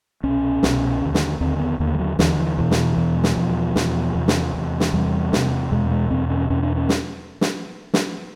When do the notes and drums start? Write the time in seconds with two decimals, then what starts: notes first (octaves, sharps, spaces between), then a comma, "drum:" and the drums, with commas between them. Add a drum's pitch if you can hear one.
0.24 C2 B2 C#4
0.63 C2 B2, drum: snare
1.01 D#2 D3
1.15 drum: snare
1.41 D#2 D3 C4
1.60 B3
1.80 D#2 D3 A#3
1.95 G3
1.99 F#3
2.19 D#2 D3 E3, drum: snare
2.39 E3
2.58 E2 B2 E3
2.71 drum: snare
2.97 E2 B2
3.23 drum: snare
3.36 E2 B2 F3
3.76 E2 B2, drum: snare
4.15 E2 C3
4.28 drum: snare
4.54 E2 C3
4.80 drum: snare
4.93 E2 C3 G3
5.33 E2 C3, drum: snare
5.71 E2 B2 G#3
5.91 G#3
6.10 E2 B2 C4
6.30 C#4
6.50 E2 B2 C#4
6.63 D4
6.77 C#4
6.89 drum: snare
7.41 drum: snare
7.94 drum: snare